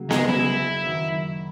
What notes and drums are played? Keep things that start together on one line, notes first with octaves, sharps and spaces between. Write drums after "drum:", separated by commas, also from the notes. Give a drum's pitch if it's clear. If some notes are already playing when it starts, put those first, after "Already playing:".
Already playing: C#3 F#3 A#3
G#3, drum: snare B3
C#3 F#3 A#3 E4
F#2 D#3 F#3